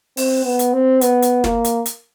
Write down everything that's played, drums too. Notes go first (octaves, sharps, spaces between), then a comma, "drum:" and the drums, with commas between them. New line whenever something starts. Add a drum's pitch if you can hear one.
C4, drum: open hi-hat
B3
drum: hi-hat
C4
B3, drum: hi-hat
drum: hi-hat
A#3, drum: snare
drum: hi-hat
drum: hi-hat